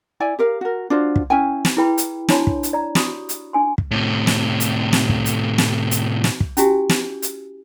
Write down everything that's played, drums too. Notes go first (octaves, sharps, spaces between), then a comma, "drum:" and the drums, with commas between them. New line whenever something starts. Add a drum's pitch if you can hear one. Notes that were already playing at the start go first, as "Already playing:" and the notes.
E4 D5 G#5
G4 A#4 F5
F#4 A#4
D4 F4 F#4 C5
drum: kick
C#4 E4 G5 G#5
drum: snare
E4 G#4 B4 G5 B5
drum: hi-hat
D4 E4 C#5 A5 B5 C6, drum: snare
drum: kick
drum: hi-hat
D5 A#5
F#4 G4 B5 C#6 D#6, drum: snare
drum: hi-hat
D4 G#5 C6
drum: kick
A2 C3
drum: snare
drum: hi-hat
drum: snare
drum: kick
drum: hi-hat
drum: snare
drum: hi-hat
drum: snare
drum: kick
C#4 E4 F#4 G4 G#5, drum: hi-hat
drum: snare
drum: hi-hat